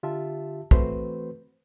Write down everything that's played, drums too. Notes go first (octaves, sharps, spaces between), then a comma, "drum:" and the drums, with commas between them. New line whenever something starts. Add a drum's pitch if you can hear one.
D3 F4 G4 E5 A5
E3 A3 C4 F#4 B4 C5, drum: kick